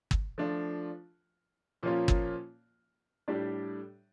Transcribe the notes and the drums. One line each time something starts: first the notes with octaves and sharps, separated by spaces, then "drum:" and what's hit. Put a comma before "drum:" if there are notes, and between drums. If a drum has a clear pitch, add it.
drum: kick
F3 A3 D4 F4
A#2 F3 A#3 C#4 F4
drum: kick
A2 G3 D4 G4 D5